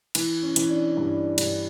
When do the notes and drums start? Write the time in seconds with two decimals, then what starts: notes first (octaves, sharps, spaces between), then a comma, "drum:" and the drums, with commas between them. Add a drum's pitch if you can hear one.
0.15 E3, drum: cymbal
0.42 C#4
0.56 E3, drum: hi-hat
0.69 D4
0.97 G2
1.38 G2, drum: cymbal